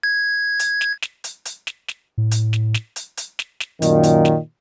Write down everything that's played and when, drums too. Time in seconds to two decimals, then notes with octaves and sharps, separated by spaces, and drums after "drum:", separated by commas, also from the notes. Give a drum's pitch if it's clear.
0.03 G#6
0.59 drum: hi-hat
0.81 drum: snare
1.02 drum: snare
1.24 drum: hi-hat
1.45 drum: hi-hat
1.67 drum: snare
1.88 drum: snare
2.18 A2
2.31 drum: hi-hat
2.53 drum: snare
2.74 drum: snare
2.96 drum: hi-hat
3.17 drum: hi-hat
3.39 drum: snare
3.60 drum: snare
3.82 F#2 A#2 D#3, drum: hi-hat
4.03 drum: hi-hat
4.25 drum: snare